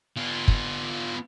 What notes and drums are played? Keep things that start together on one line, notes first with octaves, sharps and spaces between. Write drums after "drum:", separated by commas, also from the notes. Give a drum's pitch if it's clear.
B3 F4
drum: kick